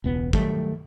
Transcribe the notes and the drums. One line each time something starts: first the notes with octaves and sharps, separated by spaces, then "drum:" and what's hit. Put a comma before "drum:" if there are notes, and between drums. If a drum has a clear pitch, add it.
E1 C#2 B3
D#3 F#3 G3 A3, drum: kick